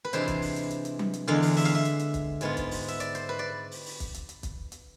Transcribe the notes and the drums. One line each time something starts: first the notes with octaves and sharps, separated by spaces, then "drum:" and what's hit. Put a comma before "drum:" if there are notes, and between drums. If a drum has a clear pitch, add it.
B4
C3 E3 G#3 D4 F4 C5, drum: hi-hat
drum: kick, hi-hat
drum: open hi-hat
drum: hi-hat
drum: hi-hat
drum: hi-hat
drum: tom F#3
drum: hi-hat
E2 D3 G#3 F5
drum: open hi-hat
E5, drum: open hi-hat
F5
E5
drum: hi-hat
drum: hi-hat
drum: kick, hi-hat
G#2 G#3 B3 F4, drum: hi-hat
drum: kick, hi-hat
drum: open hi-hat
E5, drum: hi-hat
D5, drum: hi-hat
C5, drum: hi-hat
B4
D5
drum: open hi-hat
drum: open hi-hat
drum: kick, hi-hat
drum: hi-hat
drum: hi-hat
drum: kick, hi-hat
drum: hi-hat